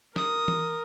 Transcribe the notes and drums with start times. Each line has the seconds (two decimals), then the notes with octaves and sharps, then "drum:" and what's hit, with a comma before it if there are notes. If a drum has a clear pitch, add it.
0.16 A#4 D#6, drum: snare
0.48 drum: tom E3